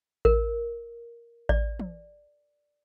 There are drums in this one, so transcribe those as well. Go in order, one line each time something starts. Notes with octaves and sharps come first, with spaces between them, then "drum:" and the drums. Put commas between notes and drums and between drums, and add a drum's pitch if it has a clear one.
A#4, drum: kick A1
D5, drum: kick A1
drum: tom E3